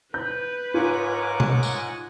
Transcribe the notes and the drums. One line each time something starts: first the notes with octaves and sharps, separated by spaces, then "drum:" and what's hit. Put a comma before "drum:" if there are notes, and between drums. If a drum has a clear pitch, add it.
B4 G6
G#2 F4 A#4 C#5 F#5 G#5 D6
drum: tom B2
drum: tambourine